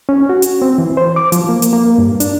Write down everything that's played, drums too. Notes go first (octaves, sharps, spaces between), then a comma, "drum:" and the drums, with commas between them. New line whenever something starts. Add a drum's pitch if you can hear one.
C#4
F#4
drum: hi-hat
C4
E3
C5
D6
F3, drum: hi-hat
A#3
drum: hi-hat
A#3
G2
D4, drum: hi-hat